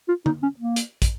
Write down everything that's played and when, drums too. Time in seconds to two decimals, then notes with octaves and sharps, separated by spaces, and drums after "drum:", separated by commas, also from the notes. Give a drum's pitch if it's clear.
0.08 F4
0.26 D#4, drum: tom D3
0.43 C#4
0.60 A#3
0.76 drum: hi-hat
1.02 drum: kick, hi-hat